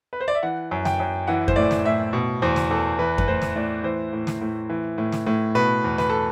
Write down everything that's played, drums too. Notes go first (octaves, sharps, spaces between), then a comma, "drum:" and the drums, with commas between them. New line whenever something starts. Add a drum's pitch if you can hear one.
B4
C5
D5
E5
E3 F#5
F#2
G5, drum: snare
F#2
E3 F#5
C5, drum: kick F2
A2 D5
drum: snare
A2 E5
B2
E2 C5
drum: snare
E2 A4
E3 B4
B4, drum: kick F2
A2 C5
drum: snare
A2 D5
E3 C5
A2
drum: snare
A2
E3
A2
drum: snare
A2
B2 B4
E2
B4, drum: snare
A4